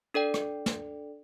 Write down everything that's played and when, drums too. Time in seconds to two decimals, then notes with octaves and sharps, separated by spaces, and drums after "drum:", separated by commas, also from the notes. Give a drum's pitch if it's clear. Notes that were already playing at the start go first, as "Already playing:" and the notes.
0.14 D4 A4 D5 G5
0.34 drum: rim click
0.66 drum: snare